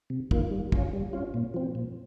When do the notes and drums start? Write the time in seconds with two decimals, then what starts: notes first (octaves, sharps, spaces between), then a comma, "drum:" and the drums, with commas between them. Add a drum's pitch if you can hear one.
0.10 C3
0.31 D#3 A#3 F4, drum: kick
0.51 G3
0.72 C#4 F4, drum: kick
0.93 G3
1.13 C#4 F4
1.34 A#2
1.54 F3 C4
1.75 A#2